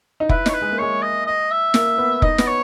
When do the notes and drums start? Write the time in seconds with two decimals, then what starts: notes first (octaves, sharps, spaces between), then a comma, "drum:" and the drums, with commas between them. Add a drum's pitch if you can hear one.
0.20 D#4
0.29 E4 B4, drum: kick F1
0.46 D#4 C#5, drum: snare
0.54 B4
0.62 G#3
0.72 A#3
0.78 G#3 C#5
1.02 D#5
1.26 D#5
1.51 E5
1.74 A#3, drum: snare
1.98 B3
2.22 D#4 D#5, drum: kick F1
2.38 B3, drum: snare
2.47 C#5